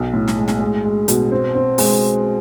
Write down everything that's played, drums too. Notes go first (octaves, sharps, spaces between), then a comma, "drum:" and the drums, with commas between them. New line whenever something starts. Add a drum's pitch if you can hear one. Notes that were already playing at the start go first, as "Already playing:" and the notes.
Already playing: B1
A2
drum: snare
G#3
drum: snare
G#3
G#3
B2, drum: hi-hat
C4
C4
G#3, drum: open hi-hat